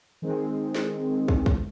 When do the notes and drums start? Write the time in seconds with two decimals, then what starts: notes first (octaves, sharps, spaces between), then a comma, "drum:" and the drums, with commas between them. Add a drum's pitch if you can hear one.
0.22 D#3 G#3 C4
0.75 drum: snare
1.28 drum: kick
1.46 drum: kick